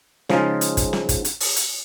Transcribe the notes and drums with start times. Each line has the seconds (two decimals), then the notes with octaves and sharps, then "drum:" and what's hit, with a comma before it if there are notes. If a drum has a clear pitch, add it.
0.29 C#3 F3 G#3 D#4 F4, drum: snare
0.61 drum: hi-hat
0.77 drum: kick, hi-hat
0.93 drum: snare
1.09 drum: kick, hi-hat
1.25 drum: hi-hat
1.40 drum: open hi-hat
1.56 drum: hi-hat